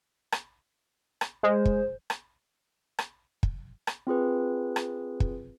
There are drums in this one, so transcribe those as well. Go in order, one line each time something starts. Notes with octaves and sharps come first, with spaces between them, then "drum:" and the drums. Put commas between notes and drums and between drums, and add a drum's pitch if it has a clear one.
drum: rim click
drum: rim click
G#3 C5
drum: kick
drum: rim click
drum: rim click
drum: kick
drum: rim click
C4 F4 G#4 B4
drum: rim click
drum: kick